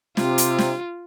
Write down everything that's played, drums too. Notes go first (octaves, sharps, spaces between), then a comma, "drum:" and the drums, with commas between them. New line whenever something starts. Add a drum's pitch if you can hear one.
C3 F4, drum: snare
drum: hi-hat
drum: snare